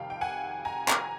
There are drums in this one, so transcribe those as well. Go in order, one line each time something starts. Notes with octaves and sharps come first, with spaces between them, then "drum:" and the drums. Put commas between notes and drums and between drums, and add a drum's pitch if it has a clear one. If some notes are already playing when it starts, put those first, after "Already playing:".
Already playing: F2 C3 D#3 G3 F5 G5
G5
F#5 G#5
G#5 A#5
G#5 A#5, drum: clap